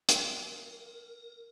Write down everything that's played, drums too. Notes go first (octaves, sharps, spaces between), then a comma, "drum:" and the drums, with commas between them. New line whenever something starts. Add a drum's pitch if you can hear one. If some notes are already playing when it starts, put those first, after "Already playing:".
A#4, drum: hi-hat